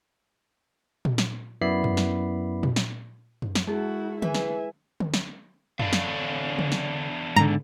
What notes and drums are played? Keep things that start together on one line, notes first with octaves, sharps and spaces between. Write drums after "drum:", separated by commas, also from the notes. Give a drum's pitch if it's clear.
drum: tom A#2
drum: snare
F#2 B3 E4 D5 B5 C7
drum: tom F#2
drum: snare
drum: tom A#2
drum: snare
drum: tom F#2
drum: snare
G#3 E4 F#4 G#4
E3 E5 G#5, drum: tom D3
drum: snare
drum: tom D3
drum: snare
E2 D3 D4 F5, drum: tom F#2
drum: snare
drum: tom C#3
drum: snare
G#2 D3 A#5, drum: tom C#3